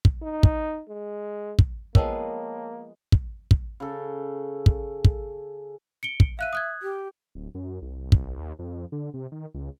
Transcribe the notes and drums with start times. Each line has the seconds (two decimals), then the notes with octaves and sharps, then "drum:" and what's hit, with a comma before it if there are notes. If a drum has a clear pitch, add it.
0.05 drum: kick
0.22 D#4
0.43 drum: kick
0.89 G#3
1.59 drum: kick
1.95 F3 G#3 A#3 B3 A#4 C#5 G5 A5, drum: kick
3.12 drum: kick
3.51 drum: kick
3.80 C#3 A4
4.66 drum: kick
5.05 drum: kick
6.03 C#7 D7 G7
6.20 drum: kick
6.39 E5 F5 F#6 D#7
6.53 D#6 F#6 G#6
6.82 G4
7.35 D1
7.55 F#2
7.82 C2
8.12 drum: kick
8.39 D#2
8.59 F2
8.92 D3
9.14 C3
9.32 D#3
9.54 C#2